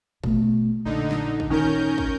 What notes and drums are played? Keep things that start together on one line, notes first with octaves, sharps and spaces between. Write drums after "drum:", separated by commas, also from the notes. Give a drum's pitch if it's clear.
B2 A3, drum: kick
A#1 D3 D#4
drum: snare
drum: kick
D#3 C#4 A#4 G6
drum: kick